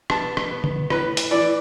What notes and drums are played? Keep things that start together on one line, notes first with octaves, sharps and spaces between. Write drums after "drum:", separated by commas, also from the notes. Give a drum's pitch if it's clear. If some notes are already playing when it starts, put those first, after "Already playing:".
B3 A5, drum: rim click
drum: rim click
B3
drum: tom D3
A2 B4, drum: rim click
drum: hi-hat
E3 D5